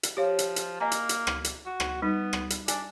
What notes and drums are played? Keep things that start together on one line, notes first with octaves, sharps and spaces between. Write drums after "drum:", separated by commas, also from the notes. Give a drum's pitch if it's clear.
drum: hi-hat
F3 G4 C#5 F5
drum: hi-hat
drum: hi-hat
A#3 D#5 G#5 A#5
drum: hi-hat
drum: hi-hat
drum: rim click
drum: hi-hat
F#4
drum: rim click
G3 B3 D#4
drum: rim click
drum: hi-hat
D4 G#5, drum: hi-hat